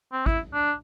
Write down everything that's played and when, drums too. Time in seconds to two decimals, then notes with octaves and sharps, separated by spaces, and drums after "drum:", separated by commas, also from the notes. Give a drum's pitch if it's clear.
0.13 C4
0.26 E4, drum: kick
0.54 D4